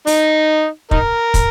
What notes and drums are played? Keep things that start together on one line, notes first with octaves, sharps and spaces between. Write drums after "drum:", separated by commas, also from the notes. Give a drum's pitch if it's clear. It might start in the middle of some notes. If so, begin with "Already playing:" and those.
D#4, drum: open hi-hat
D#4 A#4, drum: kick
drum: kick, hi-hat